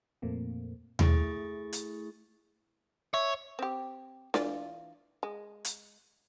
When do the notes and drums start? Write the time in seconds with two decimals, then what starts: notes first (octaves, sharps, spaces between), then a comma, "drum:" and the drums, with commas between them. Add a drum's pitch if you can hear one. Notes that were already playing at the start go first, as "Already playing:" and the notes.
0.22 F2 A#2 A3 A#3 C4
0.99 A3 E4 G#4 C#6 A6, drum: tom D#2
1.73 drum: hi-hat
3.14 C#5 E5
3.59 C4 G4
4.34 E3 F4 D5, drum: snare D4
5.23 G#3
5.65 drum: hi-hat